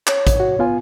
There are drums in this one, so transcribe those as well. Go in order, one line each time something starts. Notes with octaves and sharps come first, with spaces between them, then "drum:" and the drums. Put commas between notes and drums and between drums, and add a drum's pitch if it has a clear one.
C#5, drum: clap
drum: kick, hi-hat
F#4
B3 F4 G#5